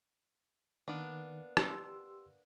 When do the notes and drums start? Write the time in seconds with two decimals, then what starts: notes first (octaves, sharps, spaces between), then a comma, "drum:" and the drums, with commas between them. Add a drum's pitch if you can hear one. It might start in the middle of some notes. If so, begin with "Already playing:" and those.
0.88 D#3 A#3 B3 D4
1.57 G4 C6 E6, drum: rim click